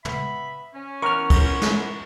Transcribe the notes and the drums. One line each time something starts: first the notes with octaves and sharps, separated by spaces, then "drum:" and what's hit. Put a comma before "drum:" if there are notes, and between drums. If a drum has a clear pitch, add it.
B3 E5 B5, drum: tom
C#4
E3 B3 A#4 C#6 F6
drum: kick, cymbal
drum: snare